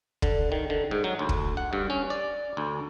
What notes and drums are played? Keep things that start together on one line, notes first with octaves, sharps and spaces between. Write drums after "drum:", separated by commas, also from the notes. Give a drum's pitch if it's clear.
D3, drum: kick
D#3
D3
G#2
F#3
D2
drum: kick
F#5
G2
C#4
D5
D2